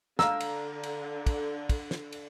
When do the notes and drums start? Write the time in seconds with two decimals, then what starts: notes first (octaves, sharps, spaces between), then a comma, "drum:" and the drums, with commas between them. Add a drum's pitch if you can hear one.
0.19 D3 F5 A#5 E6, drum: snare
0.40 drum: cymbal
0.83 drum: cymbal
1.26 drum: kick, cymbal
1.69 drum: kick, cymbal
1.91 drum: snare
2.12 drum: cymbal